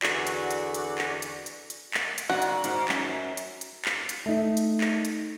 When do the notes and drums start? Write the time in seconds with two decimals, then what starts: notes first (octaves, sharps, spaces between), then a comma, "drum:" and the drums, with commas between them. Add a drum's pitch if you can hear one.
0.03 E2 D3 F#3 F#4 D5, drum: clap
0.27 drum: hi-hat
0.51 drum: hi-hat
0.74 drum: hi-hat
0.98 drum: clap
1.22 drum: hi-hat
1.46 drum: hi-hat
1.70 drum: hi-hat
1.94 drum: clap
2.18 drum: hi-hat
2.30 F#2 A#2 F#4
2.42 drum: hi-hat
2.64 G#2, drum: hi-hat
2.88 F#2, drum: clap
3.37 drum: hi-hat
3.61 drum: hi-hat
3.85 drum: clap
4.09 drum: hi-hat
4.26 A3 D#4
4.57 drum: hi-hat
4.81 drum: clap
5.05 drum: hi-hat